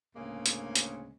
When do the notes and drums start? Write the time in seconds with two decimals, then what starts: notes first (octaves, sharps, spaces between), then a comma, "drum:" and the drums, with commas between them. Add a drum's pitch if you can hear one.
0.16 D2 A2 C#3 G#3 A#3
0.46 drum: hi-hat
0.75 drum: hi-hat